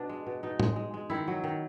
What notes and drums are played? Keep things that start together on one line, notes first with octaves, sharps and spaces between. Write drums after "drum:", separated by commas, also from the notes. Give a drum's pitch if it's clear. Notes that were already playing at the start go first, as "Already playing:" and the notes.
Already playing: B2 D4
G#3
B2
B2 D#4
G#3, drum: tom
G#3
G#3
D#3 E4
F#3
D#3